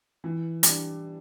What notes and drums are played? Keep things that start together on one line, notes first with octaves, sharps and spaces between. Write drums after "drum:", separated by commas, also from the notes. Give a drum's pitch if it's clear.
E3
G3 D4, drum: hi-hat